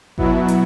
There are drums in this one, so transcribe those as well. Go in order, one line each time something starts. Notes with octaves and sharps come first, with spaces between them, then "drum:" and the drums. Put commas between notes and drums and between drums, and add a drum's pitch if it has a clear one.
B2 F#3 B3 E4, drum: kick G#1
drum: hi-hat